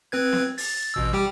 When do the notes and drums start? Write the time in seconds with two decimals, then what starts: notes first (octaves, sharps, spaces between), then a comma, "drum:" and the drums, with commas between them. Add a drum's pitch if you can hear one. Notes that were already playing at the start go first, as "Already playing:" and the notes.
0.12 C4 B4 G#6
0.33 drum: snare B3
0.58 A6, drum: open hi-hat
0.94 A1 B2 E6
1.13 G3 G4 G5